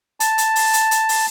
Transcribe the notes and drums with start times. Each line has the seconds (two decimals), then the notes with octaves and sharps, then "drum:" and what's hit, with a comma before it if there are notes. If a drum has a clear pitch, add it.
0.20 A5, drum: hi-hat
0.38 drum: hi-hat
0.56 drum: open hi-hat
0.73 drum: hi-hat
0.91 drum: hi-hat
1.09 drum: open hi-hat